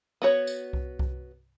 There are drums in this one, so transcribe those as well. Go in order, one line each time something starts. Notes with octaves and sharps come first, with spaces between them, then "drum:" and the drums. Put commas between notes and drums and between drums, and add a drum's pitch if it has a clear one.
B3 F#4 C#5
drum: tambourine
drum: kick C2
drum: kick C2